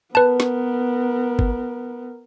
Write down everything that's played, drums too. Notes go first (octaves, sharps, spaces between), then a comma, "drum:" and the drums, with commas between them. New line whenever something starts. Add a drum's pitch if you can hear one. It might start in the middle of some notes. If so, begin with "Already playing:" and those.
B3 A#4 B4 A5
drum: snare
drum: kick